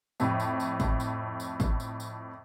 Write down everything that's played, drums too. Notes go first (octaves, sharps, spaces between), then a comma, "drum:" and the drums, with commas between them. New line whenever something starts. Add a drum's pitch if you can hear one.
F2 A2, drum: tambourine
drum: tambourine
drum: tambourine
drum: kick, tambourine
drum: tambourine
drum: tambourine
drum: kick, tambourine
drum: tambourine
drum: tambourine